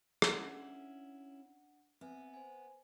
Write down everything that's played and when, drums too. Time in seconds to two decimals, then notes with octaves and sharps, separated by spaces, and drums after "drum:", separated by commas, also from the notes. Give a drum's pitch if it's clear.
0.22 C#4 E4 D#5 F#5, drum: rim click
0.46 D4 F#5
2.01 B3 C4 E5 G#5
2.34 C5 G#5